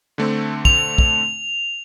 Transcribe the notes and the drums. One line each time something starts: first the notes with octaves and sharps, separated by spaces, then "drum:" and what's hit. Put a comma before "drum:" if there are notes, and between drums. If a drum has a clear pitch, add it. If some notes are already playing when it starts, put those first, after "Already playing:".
D3 A3 C4
F7, drum: kick
drum: kick